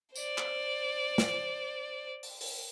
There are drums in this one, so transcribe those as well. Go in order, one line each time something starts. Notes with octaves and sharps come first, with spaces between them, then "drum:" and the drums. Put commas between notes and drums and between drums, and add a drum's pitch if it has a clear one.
C5 D5, drum: tambourine
drum: clap
drum: snare
drum: open hi-hat
drum: open hi-hat